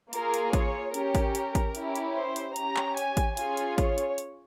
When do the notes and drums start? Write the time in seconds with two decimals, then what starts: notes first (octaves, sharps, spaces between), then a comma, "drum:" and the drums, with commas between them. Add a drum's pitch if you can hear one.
0.13 A#3 F4 G#4 A#4, drum: hi-hat
0.34 drum: hi-hat
0.53 C#5, drum: kick A1, hi-hat
0.94 C#4 G4 A#4, drum: hi-hat
1.15 drum: kick A1, hi-hat
1.35 drum: hi-hat
1.55 drum: kick A1, hi-hat
1.75 C#4 E4 G4, drum: hi-hat
1.96 drum: hi-hat
2.16 C5
2.36 drum: hi-hat
2.56 C#4 G4 A#5, drum: hi-hat
2.76 drum: clap
2.97 G#5, drum: hi-hat
3.17 drum: kick A1, hi-hat
3.37 C#4 F4 G#4 G#5, drum: hi-hat
3.57 drum: hi-hat
3.78 C#5, drum: kick A1, hi-hat
3.98 drum: hi-hat
4.18 drum: hi-hat